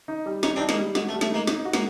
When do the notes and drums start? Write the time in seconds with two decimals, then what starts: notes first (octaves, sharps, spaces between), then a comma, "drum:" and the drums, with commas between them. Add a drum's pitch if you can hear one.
0.08 D#4
0.26 G3
0.43 G3 C#4 D#4, drum: snare
0.56 C4 D4
0.60 D#4
0.69 G#3 A#3, drum: snare
0.78 G3
0.95 G#3 F#4, drum: snare
1.09 A3
1.13 G3
1.21 A3, drum: snare
1.31 G#3 A#3 D#4
1.47 D#4, drum: snare
1.65 F#4
1.73 G#3 A#3, drum: snare